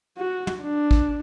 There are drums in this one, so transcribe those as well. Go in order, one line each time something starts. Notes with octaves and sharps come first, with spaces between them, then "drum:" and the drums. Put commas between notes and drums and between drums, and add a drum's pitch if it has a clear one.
F#4
drum: tom
D4
drum: kick